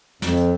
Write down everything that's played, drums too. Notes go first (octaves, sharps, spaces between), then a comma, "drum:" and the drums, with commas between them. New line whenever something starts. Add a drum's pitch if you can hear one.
F2, drum: snare
drum: hi-hat